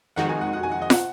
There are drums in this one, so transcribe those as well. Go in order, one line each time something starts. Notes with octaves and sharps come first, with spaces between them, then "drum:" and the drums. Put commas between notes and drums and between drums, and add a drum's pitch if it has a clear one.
F2 D#3 G#3 D#4 F#4 F#5
G#5
F#5
F#5
G#5
F#5
D#5
F#5, drum: snare